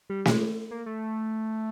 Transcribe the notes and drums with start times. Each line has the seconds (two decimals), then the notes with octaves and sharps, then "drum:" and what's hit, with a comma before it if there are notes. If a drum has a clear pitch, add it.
0.10 G3
0.25 G#3, drum: snare
0.71 A#3
0.86 A3